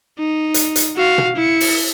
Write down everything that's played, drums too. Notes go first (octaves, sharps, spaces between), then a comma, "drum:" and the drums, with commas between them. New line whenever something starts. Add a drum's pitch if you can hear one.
D#4
drum: hi-hat
drum: hi-hat
F#4 F5
drum: tom B2
E4 C#7
drum: open hi-hat